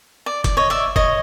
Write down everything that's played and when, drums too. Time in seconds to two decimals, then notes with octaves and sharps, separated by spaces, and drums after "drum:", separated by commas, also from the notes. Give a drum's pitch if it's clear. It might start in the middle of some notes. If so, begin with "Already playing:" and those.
0.26 D5
0.44 D5, drum: kick F1, hi-hat
0.57 C#5 D#5
0.70 D5 E5
0.96 C#5 D#5, drum: kick F1